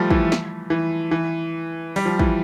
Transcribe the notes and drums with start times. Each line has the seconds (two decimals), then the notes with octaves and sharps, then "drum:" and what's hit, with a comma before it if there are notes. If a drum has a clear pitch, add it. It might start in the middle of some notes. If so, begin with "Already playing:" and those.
Already playing: F3 G3 A3
0.10 E3, drum: kick
0.32 drum: snare
0.70 E3
1.11 E3
1.96 G3, drum: open hi-hat
2.05 F3
2.19 E3, drum: kick